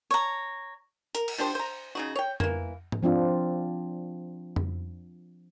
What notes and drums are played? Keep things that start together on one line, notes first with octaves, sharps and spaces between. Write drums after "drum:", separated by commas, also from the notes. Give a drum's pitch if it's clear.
C#5 A#5
A#4, drum: hi-hat
drum: cymbal
F3 D4 G4 C5
C5 A#5
C#3 D#4 F#4
C#5 G5
E3 A#3, drum: tom F2
drum: tom G#2
F3 C4 D4 F4
drum: tom F2